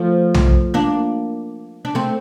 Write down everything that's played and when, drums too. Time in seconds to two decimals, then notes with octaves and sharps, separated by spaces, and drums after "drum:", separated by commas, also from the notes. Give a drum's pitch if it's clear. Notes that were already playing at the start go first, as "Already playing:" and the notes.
Already playing: F3 A3
0.34 drum: tom B1
0.74 A#3 D4
1.85 D4
1.95 A3 C4